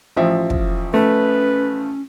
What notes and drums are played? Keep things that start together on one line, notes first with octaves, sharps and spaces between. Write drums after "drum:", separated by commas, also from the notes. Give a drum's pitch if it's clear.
A1 F3 E5
drum: kick
A3 C#4 B4